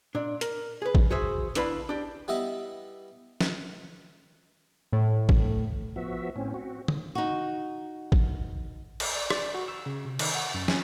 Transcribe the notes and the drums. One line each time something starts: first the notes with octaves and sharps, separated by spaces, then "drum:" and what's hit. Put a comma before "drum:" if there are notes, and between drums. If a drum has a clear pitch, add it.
A#2 D4
A#4, drum: hi-hat
G#4 B4
drum: kick
F#4 G#4 C5 E5
D2 D4 E4 B4 F5 B5, drum: hi-hat
D4 G4
G3 B3 E4 B4 D#5 E5
drum: snare
A2
drum: kick
F3 B3 F#4 E5
A2 C4 C#4
C4 F#4
drum: tom
D#4 F#4
drum: kick
drum: cymbal
D5
D5, drum: rim click
F#4
E6
C#3
C3
D#3, drum: cymbal
F#5
F#2
C#4, drum: snare